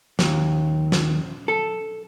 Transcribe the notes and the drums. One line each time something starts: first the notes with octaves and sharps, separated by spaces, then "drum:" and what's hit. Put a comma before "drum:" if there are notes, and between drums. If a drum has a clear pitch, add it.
D#2, drum: snare
drum: snare
A4